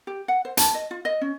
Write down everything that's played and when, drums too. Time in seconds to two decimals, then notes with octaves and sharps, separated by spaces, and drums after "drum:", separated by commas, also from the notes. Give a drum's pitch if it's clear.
0.07 G4
0.28 F#5
0.45 C5
0.57 A5, drum: hi-hat
0.74 D#5
0.91 F4
1.05 D#5
1.21 C#4